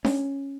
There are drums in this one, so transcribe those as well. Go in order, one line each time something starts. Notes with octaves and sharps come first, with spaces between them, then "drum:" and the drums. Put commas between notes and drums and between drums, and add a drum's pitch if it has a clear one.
C#4, drum: snare D4